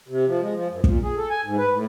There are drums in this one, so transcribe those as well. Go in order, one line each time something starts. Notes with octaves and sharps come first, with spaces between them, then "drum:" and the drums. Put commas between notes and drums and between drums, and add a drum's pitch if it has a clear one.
C3
F3
G#3
F3
F#2
A#2, drum: kick
G#4
A4
G#5
G#2
B4
A2